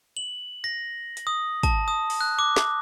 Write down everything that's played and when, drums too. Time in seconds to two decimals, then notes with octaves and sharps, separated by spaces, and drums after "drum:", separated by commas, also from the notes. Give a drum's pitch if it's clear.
0.17 F#7
0.64 A#6
1.17 drum: hi-hat
1.27 D#6
1.63 A5, drum: kick, hi-hat
1.88 D#6
2.10 drum: open hi-hat
2.21 F#6
2.39 D6
2.56 drum: snare